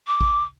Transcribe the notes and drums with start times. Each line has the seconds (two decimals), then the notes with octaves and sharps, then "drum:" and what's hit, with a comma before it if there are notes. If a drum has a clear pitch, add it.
0.07 D6
0.21 drum: kick